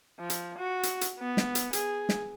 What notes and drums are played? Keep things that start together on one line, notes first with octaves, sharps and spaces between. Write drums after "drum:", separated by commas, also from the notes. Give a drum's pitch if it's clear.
F3
drum: hi-hat
F#4
drum: hi-hat
drum: hi-hat
B3
drum: snare
drum: hi-hat
G#4, drum: hi-hat
drum: snare